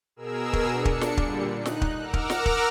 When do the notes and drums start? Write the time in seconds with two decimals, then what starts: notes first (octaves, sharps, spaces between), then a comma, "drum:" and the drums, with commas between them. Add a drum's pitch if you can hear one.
0.16 B2 G#4 A#4 E6
0.53 drum: kick
0.70 D4 C#7
0.85 drum: kick
1.01 drum: snare
1.17 A#2 D3 G3, drum: kick
1.56 D#4 F#6
1.66 drum: snare
1.82 drum: kick
2.00 A#4 F#5 A#5 D6 E6 F6
2.14 drum: kick
2.30 drum: snare
2.46 drum: kick